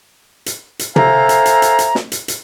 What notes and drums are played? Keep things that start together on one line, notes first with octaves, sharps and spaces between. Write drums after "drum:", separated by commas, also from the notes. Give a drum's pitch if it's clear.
drum: hi-hat
drum: hi-hat
A4 C5 E5 F5 G#5 A#5, drum: tom
drum: hi-hat
drum: hi-hat
drum: hi-hat
drum: hi-hat
drum: snare
drum: hi-hat
drum: hi-hat